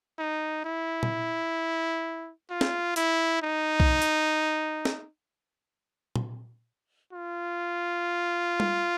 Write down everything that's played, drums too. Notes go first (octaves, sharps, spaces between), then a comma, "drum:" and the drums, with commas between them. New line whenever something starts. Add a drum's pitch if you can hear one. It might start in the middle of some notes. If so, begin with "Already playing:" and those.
D#4
E4
drum: tom
F4
drum: snare
E4, drum: hi-hat
D#4
drum: kick B1
drum: hi-hat
drum: snare
drum: tom
F4
drum: tom G3